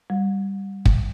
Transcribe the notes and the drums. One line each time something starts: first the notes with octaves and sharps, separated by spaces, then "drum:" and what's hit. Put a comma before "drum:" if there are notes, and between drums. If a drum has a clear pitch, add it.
G3
drum: kick